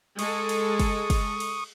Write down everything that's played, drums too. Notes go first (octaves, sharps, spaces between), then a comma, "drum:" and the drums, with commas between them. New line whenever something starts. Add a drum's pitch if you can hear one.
G#3 A4 C#6 D#6, drum: cymbal
drum: cymbal
drum: kick, cymbal
drum: kick, cymbal
drum: cymbal